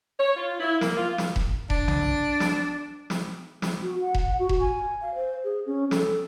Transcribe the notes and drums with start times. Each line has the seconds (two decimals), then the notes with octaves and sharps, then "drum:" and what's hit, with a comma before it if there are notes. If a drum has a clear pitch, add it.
0.19 C#5
0.36 F4
0.59 E4
0.81 A#3, drum: snare
0.96 F4
1.18 drum: snare
1.36 drum: kick E1
1.70 D4, drum: kick E1
1.88 drum: tom B1
2.40 drum: snare
3.10 drum: snare
3.62 drum: snare
3.82 F#4
4.01 F#5
4.14 drum: kick E1
4.39 F#4
4.49 drum: kick E1
4.60 G#5
5.02 F5
5.15 C5
5.44 G#4
5.66 C#4
5.91 A4, drum: snare